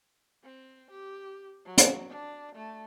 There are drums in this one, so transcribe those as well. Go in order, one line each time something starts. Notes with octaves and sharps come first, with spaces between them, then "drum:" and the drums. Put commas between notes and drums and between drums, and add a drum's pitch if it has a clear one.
C4
G4
F#3
drum: hi-hat
D4
A3